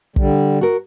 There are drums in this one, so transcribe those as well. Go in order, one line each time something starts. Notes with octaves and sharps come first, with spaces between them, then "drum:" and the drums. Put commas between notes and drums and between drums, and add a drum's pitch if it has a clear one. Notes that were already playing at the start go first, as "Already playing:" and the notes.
D3 G3, drum: kick
F#4 A#4